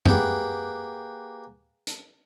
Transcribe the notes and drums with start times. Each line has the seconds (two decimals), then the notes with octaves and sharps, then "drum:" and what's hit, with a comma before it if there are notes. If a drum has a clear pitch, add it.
0.06 A#3 G4 G#4 B4 F#5, drum: tom F#2
1.87 drum: hi-hat